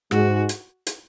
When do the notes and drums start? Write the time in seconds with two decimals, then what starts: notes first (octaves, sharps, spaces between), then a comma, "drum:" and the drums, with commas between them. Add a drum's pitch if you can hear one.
0.11 G#2 G#3 F#4, drum: rim click
0.49 drum: hi-hat
0.87 drum: hi-hat